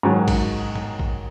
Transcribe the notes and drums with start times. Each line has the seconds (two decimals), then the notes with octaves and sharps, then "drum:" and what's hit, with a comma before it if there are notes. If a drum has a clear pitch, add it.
0.03 G#2 D#3 F#3
0.28 drum: kick A1, cymbal
0.75 drum: tom A2
0.99 drum: kick A1